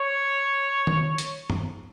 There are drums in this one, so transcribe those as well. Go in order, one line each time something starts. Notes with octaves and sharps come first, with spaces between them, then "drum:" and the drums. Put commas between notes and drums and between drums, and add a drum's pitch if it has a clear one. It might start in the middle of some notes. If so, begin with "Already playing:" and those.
Already playing: C#5
drum: tom D#3
drum: hi-hat
drum: tom